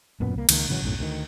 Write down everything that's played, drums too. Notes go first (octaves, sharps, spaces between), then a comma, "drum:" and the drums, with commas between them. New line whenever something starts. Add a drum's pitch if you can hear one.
D#1 F#2 A#2 B3
C2 A#3
C#2 D#3 E3 A#3, drum: cymbal
G#1 C#3 E3 F#3
B1 F#2 A2
D2 D3 D#3